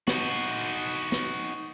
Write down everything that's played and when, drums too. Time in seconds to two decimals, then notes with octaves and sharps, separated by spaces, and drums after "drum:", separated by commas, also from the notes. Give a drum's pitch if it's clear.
0.08 D#4 F#4, drum: snare
1.12 drum: snare